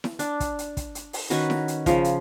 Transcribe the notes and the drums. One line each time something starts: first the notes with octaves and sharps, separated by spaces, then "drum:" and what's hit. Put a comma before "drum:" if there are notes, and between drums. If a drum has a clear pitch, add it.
drum: snare E4
D4, drum: hi-hat
drum: kick, hi-hat
drum: hi-hat
drum: kick, hi-hat
drum: hi-hat
drum: open hi-hat
D#3 C#4 F#4 B4, drum: hi-hat
drum: snare E4
drum: hi-hat
C#3 F3, drum: kick, hi-hat
drum: hi-hat